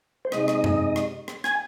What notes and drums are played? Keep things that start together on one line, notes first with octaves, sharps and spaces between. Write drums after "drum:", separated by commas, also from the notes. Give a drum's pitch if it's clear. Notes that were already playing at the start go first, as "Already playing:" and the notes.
C5
C3 G#3 D#4 D#5, drum: rim click
drum: rim click
drum: tom F#2
drum: rim click
drum: rim click
G#5, drum: rim click